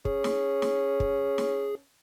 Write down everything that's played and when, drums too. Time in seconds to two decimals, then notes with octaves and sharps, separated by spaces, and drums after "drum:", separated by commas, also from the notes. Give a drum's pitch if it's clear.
0.05 C#4 G#4, drum: kick
0.24 drum: snare
0.62 drum: snare
1.00 drum: kick
1.38 drum: snare